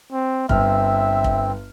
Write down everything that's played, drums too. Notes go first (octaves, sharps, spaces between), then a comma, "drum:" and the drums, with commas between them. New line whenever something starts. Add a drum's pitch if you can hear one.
C4
G1 G2 C4 E5 F6, drum: kick F1
drum: kick F1